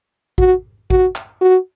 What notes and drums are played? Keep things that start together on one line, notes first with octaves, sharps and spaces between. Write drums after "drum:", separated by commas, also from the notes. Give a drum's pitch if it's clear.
F#4, drum: kick A1
F#4, drum: kick A1
drum: clap
F#4